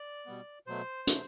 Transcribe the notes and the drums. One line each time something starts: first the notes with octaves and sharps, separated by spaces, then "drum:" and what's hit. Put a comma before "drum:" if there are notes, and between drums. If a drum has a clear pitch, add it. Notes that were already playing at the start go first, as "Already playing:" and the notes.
Already playing: D5
B2 G3 B3
B2 F#3 A3 C5
B2 F#3 A3, drum: hi-hat